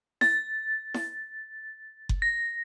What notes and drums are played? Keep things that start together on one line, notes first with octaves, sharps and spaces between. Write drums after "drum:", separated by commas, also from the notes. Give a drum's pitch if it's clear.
A6, drum: snare E4
drum: snare E4
drum: kick F#1
A#6